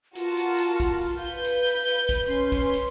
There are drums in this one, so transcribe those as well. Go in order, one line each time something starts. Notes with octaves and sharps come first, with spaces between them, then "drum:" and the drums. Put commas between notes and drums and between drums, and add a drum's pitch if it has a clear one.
F4 F#4 A#4 A5, drum: hi-hat
drum: hi-hat
drum: hi-hat
drum: kick, hi-hat
drum: open hi-hat
B4 F5 G6
drum: hi-hat
drum: hi-hat
drum: hi-hat
drum: kick, hi-hat
C#4 B4 C6
drum: kick, hi-hat
drum: hi-hat